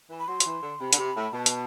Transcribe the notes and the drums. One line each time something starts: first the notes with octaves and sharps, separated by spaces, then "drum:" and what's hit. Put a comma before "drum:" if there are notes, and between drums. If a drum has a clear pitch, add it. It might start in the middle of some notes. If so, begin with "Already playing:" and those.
E3
B5
F#3 C6
F#3, drum: hi-hat
E3
D3
C3 B5
D3, drum: hi-hat
C3
A2
B2 A5
drum: hi-hat